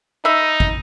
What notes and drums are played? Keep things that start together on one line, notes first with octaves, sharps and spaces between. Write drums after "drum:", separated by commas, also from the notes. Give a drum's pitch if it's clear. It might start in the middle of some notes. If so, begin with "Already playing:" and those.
D#4 E5 B5
drum: kick